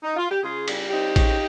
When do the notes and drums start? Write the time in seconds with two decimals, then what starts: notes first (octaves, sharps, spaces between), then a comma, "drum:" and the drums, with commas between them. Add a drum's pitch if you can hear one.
0.03 D#4
0.17 F4
0.30 G4
0.43 C#3 F4 G#4
0.68 G3, drum: cymbal
0.91 C4 D#4 G4
1.16 C#3, drum: kick A1, cymbal